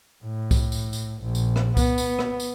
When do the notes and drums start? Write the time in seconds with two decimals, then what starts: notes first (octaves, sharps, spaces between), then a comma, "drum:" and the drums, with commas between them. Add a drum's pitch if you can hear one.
0.24 A2
0.51 drum: kick C2, tambourine
0.72 drum: tambourine
0.93 drum: tambourine
1.22 A#1
1.35 drum: tambourine
1.56 drum: rim click
1.77 B3, drum: kick C2, tambourine
1.98 drum: tambourine
2.19 drum: rim click
2.40 drum: tambourine